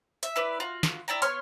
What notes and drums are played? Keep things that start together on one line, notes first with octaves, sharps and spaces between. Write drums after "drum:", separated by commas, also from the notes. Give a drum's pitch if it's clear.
E5, drum: hi-hat
E4 B4 D5
F4 F#4
drum: snare
E4 D5 G5 A#5
B3 C#5 C6 F6, drum: hi-hat